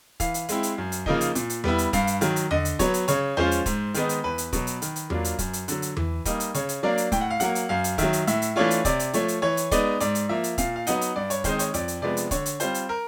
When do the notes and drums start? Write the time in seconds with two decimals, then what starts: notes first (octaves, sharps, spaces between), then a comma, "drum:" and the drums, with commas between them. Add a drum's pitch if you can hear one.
0.20 E3 F5, drum: kick, hi-hat
0.34 drum: hi-hat
0.49 G#3 C4 E4, drum: hi-hat
0.63 drum: hi-hat
0.78 F#2
0.92 drum: hi-hat
1.06 C#3 F3 A#3 D#4, drum: kick
1.21 drum: hi-hat
1.35 A#2, drum: hi-hat
1.50 drum: hi-hat
1.64 G3 B3 E4, drum: tom E2
1.78 drum: hi-hat
1.93 G2 F5, drum: kick, hi-hat
2.07 drum: hi-hat
2.21 D#3 F#3, drum: hi-hat
2.36 drum: hi-hat
2.51 D3 D#5, drum: tom E2
2.65 drum: hi-hat
2.79 F#3 B3 C#5, drum: kick, hi-hat
2.94 drum: hi-hat
3.08 C#3 C#5, drum: hi-hat
3.37 F3 G#3 C#4 F4 C5, drum: tom E2
3.51 drum: hi-hat
3.66 G#2, drum: kick, hi-hat
3.94 D#3 G#3 B3 D#4, drum: hi-hat
4.09 drum: hi-hat
4.24 E2 B4
4.38 drum: hi-hat
4.53 B2 F#3, drum: kick, hi-hat
4.67 drum: hi-hat
4.82 D#3, drum: hi-hat
4.96 drum: hi-hat
5.10 F#3 A#3 D4 F4, drum: tom E2
5.25 drum: hi-hat
5.39 F#2, drum: kick, hi-hat
5.53 drum: hi-hat
5.68 D3 F#3, drum: hi-hat
5.82 drum: hi-hat
5.97 E3, drum: tom E2
6.25 G3 A#3 D#4, drum: kick, hi-hat
6.40 drum: hi-hat
6.54 C#3 C#5, drum: hi-hat
6.69 drum: hi-hat
6.83 F#3 A#3 D4 D5
6.98 drum: hi-hat
7.12 A2 G5, drum: kick, hi-hat
7.21 F#5
7.30 F5
7.40 F#3 A#3 F#5, drum: hi-hat
7.55 drum: hi-hat
7.69 F#2 F5
7.84 drum: hi-hat
7.98 D#3 F#3 E5, drum: kick, hi-hat
8.13 drum: hi-hat
8.27 A2 E5, drum: hi-hat
8.42 drum: hi-hat
8.56 E3 A3 D4 F4 C#5
8.71 drum: hi-hat
8.85 C3 D5, drum: kick, hi-hat
8.99 drum: hi-hat
9.13 F3 A3 C#5, drum: hi-hat
9.28 drum: hi-hat
9.42 E3 C#5
9.57 drum: hi-hat
9.71 G#3 B3 D#4 D5, drum: kick, hi-hat
10.00 G#2 D5, drum: hi-hat
10.15 drum: hi-hat
10.29 F3 A#3 E5
10.44 drum: hi-hat
10.58 A#2 F5, drum: kick, hi-hat
10.76 F5
10.87 F#3 B3 D#4 F#5, drum: hi-hat
11.01 drum: hi-hat
11.16 G2 D5
11.30 C#5, drum: hi-hat
11.44 D#3 G#3 C4 D#4 C5, drum: kick, hi-hat
11.59 C#5, drum: hi-hat
11.74 F2 D5, drum: hi-hat
11.88 drum: hi-hat
12.02 C3 F3 G#3 B3 D5
12.17 drum: hi-hat
12.31 D3 C#5, drum: kick, hi-hat
12.46 drum: hi-hat
12.60 G3 C4 F4 C5, drum: hi-hat
12.74 drum: hi-hat
12.89 A#4